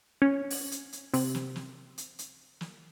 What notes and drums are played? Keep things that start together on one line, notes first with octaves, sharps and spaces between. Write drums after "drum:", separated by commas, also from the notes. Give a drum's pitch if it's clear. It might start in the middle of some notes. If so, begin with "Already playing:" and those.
C#4
drum: open hi-hat
drum: hi-hat
drum: hi-hat
C3, drum: open hi-hat
drum: snare
drum: snare
drum: hi-hat
drum: hi-hat
drum: snare